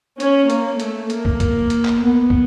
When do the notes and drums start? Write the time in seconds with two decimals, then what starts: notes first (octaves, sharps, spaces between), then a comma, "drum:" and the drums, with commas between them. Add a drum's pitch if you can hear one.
0.20 C#4, drum: hi-hat
0.50 A#3, drum: hi-hat
0.80 A3, drum: hi-hat
1.10 A#3, drum: hi-hat
1.25 drum: kick
1.40 drum: kick, hi-hat
1.70 drum: hi-hat
1.85 drum: clap
2.00 B3
2.30 drum: kick